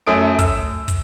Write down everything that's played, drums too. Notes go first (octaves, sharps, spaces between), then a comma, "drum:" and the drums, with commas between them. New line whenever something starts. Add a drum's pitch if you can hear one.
F#2 A3 D#6 D7
E6, drum: kick, hi-hat
drum: kick, hi-hat